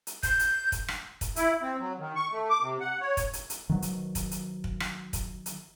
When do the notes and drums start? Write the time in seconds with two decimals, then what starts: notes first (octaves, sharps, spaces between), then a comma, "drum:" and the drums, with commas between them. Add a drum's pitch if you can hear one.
0.07 drum: hi-hat
0.23 G6, drum: kick, hi-hat
0.39 drum: hi-hat
0.72 drum: kick, hi-hat
0.88 drum: rim click
1.21 drum: kick, hi-hat
1.36 E4, drum: hi-hat
1.62 C4
1.80 F#3
1.99 D#3
2.16 C#6
2.32 A3
2.50 D6
2.61 C3
2.80 F#5
3.01 C#5
3.17 drum: kick, hi-hat
3.33 drum: hi-hat
3.50 drum: hi-hat
3.69 D#3 F#3
3.82 drum: hi-hat
4.15 drum: kick, hi-hat
4.31 drum: hi-hat
4.64 drum: kick
4.80 drum: rim click
5.13 drum: kick, hi-hat
5.46 drum: hi-hat